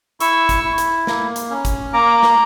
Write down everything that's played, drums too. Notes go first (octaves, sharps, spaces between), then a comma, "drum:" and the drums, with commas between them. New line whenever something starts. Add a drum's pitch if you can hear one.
E4 C#6 E6, drum: hi-hat
drum: kick G#1, hi-hat
E4
drum: hi-hat
A#3, drum: snare
drum: hi-hat
C#4
drum: kick G#1, hi-hat
A#3 A#5 D6
drum: snare